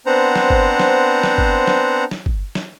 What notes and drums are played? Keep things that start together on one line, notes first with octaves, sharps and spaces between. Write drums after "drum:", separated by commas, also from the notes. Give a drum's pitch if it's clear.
B3 C4 D4 C5 F#5 A#5
drum: snare
drum: kick G1
drum: snare
drum: snare
drum: kick G1
drum: snare
drum: snare
drum: kick G1
drum: snare